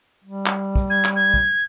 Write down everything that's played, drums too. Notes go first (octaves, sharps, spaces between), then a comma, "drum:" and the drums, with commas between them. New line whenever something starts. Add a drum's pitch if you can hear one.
G3
drum: clap
drum: kick
G#6
drum: clap
G#6
drum: kick